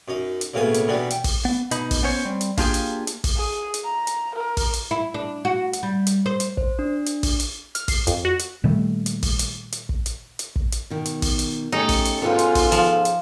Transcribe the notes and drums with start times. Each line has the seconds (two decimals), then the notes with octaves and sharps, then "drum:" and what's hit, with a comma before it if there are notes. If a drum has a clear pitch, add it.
0.08 F#2 D#4
0.41 drum: hi-hat
0.53 B1 A2 C#3 A#3 B3 G#5
0.74 drum: hi-hat
0.88 B2 E3 G3 B3 D4
1.10 G5, drum: hi-hat
1.24 drum: kick, open hi-hat
1.45 B3
1.71 B2 D#4 B5, drum: hi-hat
1.91 drum: kick, open hi-hat
2.03 B3 C#4 C5 C#5
2.25 G3 C4
2.41 drum: hi-hat
2.57 A#3 D4 F4 G4 G#4, drum: kick, open hi-hat
2.74 drum: hi-hat
3.07 drum: hi-hat
3.24 drum: kick, open hi-hat
3.37 G#4
3.74 drum: hi-hat
3.84 A#5
4.07 drum: hi-hat
4.36 A#4
4.57 drum: kick, open hi-hat
4.73 drum: hi-hat
4.91 E4
5.14 D4
5.45 F#4
5.73 drum: hi-hat
5.83 G3
6.07 drum: hi-hat
6.26 C5
6.40 drum: hi-hat
6.57 C5, drum: kick
6.79 D4
7.06 drum: hi-hat
7.23 drum: kick, open hi-hat
7.40 drum: hi-hat
7.75 F6, drum: hi-hat
7.88 C7, drum: kick, open hi-hat
8.07 F2, drum: hi-hat
8.25 F#4
8.39 drum: hi-hat
8.64 A#2 D#3 G3 A3
9.06 drum: hi-hat
9.23 drum: kick, open hi-hat
9.39 drum: hi-hat
9.72 drum: hi-hat
9.89 drum: kick
10.06 drum: hi-hat
10.39 drum: hi-hat
10.56 drum: kick
10.72 drum: hi-hat
10.90 B2 D#3
11.05 drum: hi-hat
11.22 drum: kick, open hi-hat
11.39 drum: hi-hat
11.72 A3 C#4 D#4 G4 A4
11.89 drum: kick, open hi-hat
12.05 drum: hi-hat
12.22 G#2 B2 F4 A4 B4 C#5
12.39 drum: hi-hat
12.55 drum: kick, open hi-hat
12.72 F3, drum: hi-hat
13.05 drum: hi-hat